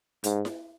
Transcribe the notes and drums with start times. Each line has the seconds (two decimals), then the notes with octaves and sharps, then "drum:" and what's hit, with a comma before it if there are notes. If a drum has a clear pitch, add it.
0.24 G#2, drum: hi-hat
0.45 drum: snare E4